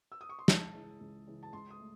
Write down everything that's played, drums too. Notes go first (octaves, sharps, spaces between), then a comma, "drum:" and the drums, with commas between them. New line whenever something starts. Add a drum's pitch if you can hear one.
E6
D#6
C#6
C6
C#2 A5, drum: snare
C#3 E3
C#2
C#3 E3
A5
C#2 C6
D#6
A3